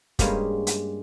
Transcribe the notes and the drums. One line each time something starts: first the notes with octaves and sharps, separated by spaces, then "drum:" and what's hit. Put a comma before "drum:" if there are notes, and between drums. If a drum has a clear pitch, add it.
G2 G#3 A#3 C#4 G4, drum: kick, hi-hat
drum: hi-hat